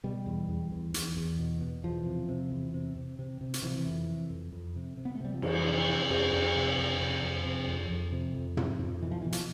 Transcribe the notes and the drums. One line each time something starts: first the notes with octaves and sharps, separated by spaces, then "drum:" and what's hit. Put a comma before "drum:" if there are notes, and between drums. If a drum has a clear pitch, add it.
B2 G3
E2
E2
E2
E2, drum: hi-hat
E2
B2
B2
E2 F3
C3
C3
E2
C3
C3
C3
C3
drum: hi-hat
C3 E3
F3
E3
F2
C3
F2
F2
C3
C3
B3
A3
C3 G3
F3
F2 E3, drum: cymbal
C3
C3
F2, drum: cymbal
F2
C3
F2
C3
F2
C3
F2
F2
C3
F2
C3, drum: tom
F2
B2 E3
F3
E3
B2
F3, drum: hi-hat